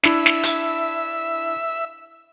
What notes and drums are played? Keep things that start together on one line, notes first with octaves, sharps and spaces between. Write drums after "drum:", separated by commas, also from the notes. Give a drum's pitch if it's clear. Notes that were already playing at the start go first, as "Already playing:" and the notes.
D4 E4 E5, drum: snare
drum: snare
drum: hi-hat